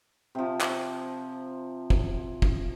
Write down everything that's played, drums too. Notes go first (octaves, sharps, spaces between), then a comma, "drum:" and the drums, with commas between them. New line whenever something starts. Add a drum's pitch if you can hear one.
C3 F3
drum: clap
drum: kick
drum: kick